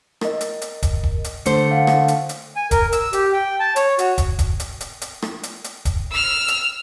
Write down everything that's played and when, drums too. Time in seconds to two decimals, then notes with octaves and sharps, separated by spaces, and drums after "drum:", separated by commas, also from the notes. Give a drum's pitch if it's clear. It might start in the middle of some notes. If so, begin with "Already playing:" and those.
0.21 A#4 D#5, drum: rim click
0.41 drum: hi-hat
0.62 drum: hi-hat
0.83 drum: kick, hi-hat
1.03 drum: kick
1.24 drum: hi-hat
1.46 D3 A3 C5 C#7, drum: hi-hat
1.71 F5 F#5
1.87 drum: rim click
2.08 drum: hi-hat
2.29 drum: hi-hat
2.56 G#5
2.71 A#4, drum: kick, hi-hat
2.92 E6, drum: hi-hat
3.13 G4, drum: hi-hat
3.33 G5
3.60 A5
3.76 C#5, drum: hi-hat
3.99 F#4, drum: hi-hat
4.18 drum: kick, hi-hat
4.39 drum: kick, hi-hat
4.60 drum: hi-hat
4.81 drum: hi-hat
5.02 drum: hi-hat
5.22 drum: rim click
5.43 drum: hi-hat
5.64 drum: hi-hat
5.85 drum: kick, hi-hat
6.11 E6 F6
6.48 drum: hi-hat